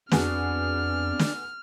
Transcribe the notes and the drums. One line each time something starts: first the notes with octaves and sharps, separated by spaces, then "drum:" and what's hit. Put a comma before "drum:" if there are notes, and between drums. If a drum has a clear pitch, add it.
F2 B3 D4 F#4 G#4 F6, drum: snare
drum: snare